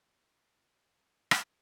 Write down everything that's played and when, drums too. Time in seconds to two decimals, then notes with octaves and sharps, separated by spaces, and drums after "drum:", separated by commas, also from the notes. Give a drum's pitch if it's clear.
0.18 F2 F#5
1.31 drum: rim click